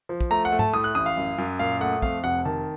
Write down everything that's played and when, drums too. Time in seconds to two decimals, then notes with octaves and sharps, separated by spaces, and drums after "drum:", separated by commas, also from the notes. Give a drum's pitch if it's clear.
0.09 F3
0.21 drum: kick
0.31 A3 A#5
0.45 F#5
0.52 A3
0.59 A5, drum: tom
0.73 A2 D#6
0.84 F#6
0.95 A1 D#6
1.06 F5
1.17 F#2
1.38 F#2
1.59 A#2 F5
1.81 A3 F#5
2.02 F2 F5, drum: kick
2.24 F1 F#5
2.45 D#3 A5